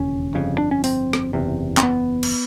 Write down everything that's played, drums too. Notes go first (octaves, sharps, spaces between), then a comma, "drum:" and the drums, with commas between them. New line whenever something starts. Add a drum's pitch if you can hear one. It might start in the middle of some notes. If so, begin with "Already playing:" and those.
Already playing: E1 D#2 C#3 C#4
G1 F2 C#3
D4
C#4
C4, drum: open hi-hat
drum: rim click
F#1 E2 C3
C4, drum: clap
B3
drum: cymbal